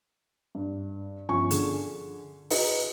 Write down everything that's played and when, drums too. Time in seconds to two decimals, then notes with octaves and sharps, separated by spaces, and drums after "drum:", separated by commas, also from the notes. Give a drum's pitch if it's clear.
0.55 G2
1.29 G1 F3 C#4 G#5 C#6
1.51 D3 G#4, drum: hi-hat
2.50 D#4 F#4 G#4 B4 D#5, drum: open hi-hat